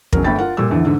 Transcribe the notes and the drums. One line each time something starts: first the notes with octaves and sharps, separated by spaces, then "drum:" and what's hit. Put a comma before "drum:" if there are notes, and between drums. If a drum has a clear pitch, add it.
E1 C#3 F#3 A#4, drum: kick
G1 A3 G5 B5 A6
F4 A#4 F#5
A#2 G3 E6
A#1 E2 D3 E3
G#2 D3